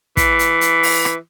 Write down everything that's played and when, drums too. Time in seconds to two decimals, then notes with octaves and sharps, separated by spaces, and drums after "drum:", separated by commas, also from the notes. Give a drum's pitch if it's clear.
0.17 E3, drum: kick, hi-hat
0.39 drum: hi-hat
0.61 drum: hi-hat
0.83 drum: open hi-hat
1.05 drum: rim click